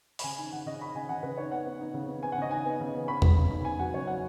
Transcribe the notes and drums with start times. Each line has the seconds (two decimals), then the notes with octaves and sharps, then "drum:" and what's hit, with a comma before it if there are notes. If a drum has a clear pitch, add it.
0.19 B5, drum: open hi-hat
0.23 C#3 G#5
0.38 D#4
0.52 C#3 F#5
0.66 C#3 D#5
0.80 D#4 B5
0.95 C#3 G#5
1.09 C#3 F#5
1.23 C#3 B4
1.38 D#4 C#5
1.52 B3 F#5
1.66 B3
1.81 D#4
1.94 C#3
2.08 B3
2.23 B3 G#5
2.32 F#5
2.37 C#3 D#5
2.51 D#4 G#5
2.66 B3
2.80 C#3
2.95 B3
3.08 B3 B5
3.22 B3, drum: tom E2
3.36 C#3
3.51 D#4
3.65 B3 G#5
3.79 F#3 F#5
3.94 C#3 C#5
4.07 F#3 F#5